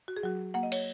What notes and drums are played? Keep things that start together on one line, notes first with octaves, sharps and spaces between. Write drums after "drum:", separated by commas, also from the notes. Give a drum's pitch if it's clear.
F#4
G#4
F#3 F#4
A#3 F#5
D#5
C#5, drum: cymbal